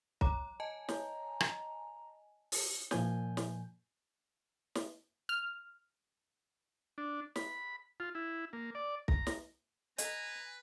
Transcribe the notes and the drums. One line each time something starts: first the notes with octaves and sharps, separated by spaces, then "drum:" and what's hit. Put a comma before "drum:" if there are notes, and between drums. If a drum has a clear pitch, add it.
C#5 A#5 D6, drum: kick
D#5 G#5 A5
C#5 A#5, drum: snare
drum: rim click
drum: open hi-hat
A#2 F3 G#5 G6, drum: snare
drum: snare
drum: snare
F6
D4
B5, drum: snare
F4
E4
A#3
D5
A#5, drum: kick
drum: snare
A4 B4 D#5 G#5 A#5, drum: hi-hat